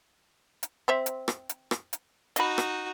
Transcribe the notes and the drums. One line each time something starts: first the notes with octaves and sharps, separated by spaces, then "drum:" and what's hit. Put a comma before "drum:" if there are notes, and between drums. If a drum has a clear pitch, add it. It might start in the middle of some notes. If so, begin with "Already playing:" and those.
drum: hi-hat
C4 C5 E5
drum: hi-hat
drum: rim click
drum: hi-hat
drum: rim click
drum: hi-hat
D#4 F#4 D#5 B5, drum: hi-hat
drum: rim click